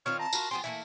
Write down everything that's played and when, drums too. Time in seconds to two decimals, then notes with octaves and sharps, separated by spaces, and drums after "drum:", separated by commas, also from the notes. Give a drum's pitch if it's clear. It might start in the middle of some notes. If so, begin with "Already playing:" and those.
0.06 D#3 C4 F4 C#5 F6
0.20 A5 A#5
0.33 F4 F#4 A#4, drum: tambourine
0.51 F3 B3 G4 G#5 C6
0.64 E3 A3 A#3 E4